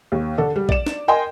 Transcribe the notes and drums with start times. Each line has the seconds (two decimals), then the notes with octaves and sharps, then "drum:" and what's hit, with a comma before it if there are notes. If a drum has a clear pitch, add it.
0.12 D#2
0.38 D3 A4 D5
0.56 G3
0.69 D5 E7, drum: kick A#1
0.86 drum: snare
1.08 A#4 D#5 G5 G#5 C6